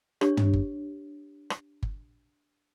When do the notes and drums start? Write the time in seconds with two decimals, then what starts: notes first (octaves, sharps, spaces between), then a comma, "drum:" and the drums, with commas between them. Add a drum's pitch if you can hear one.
0.21 D4 G4 C#5, drum: rim click
0.37 drum: tom
0.53 drum: kick G1
1.50 drum: rim click
1.83 drum: kick G1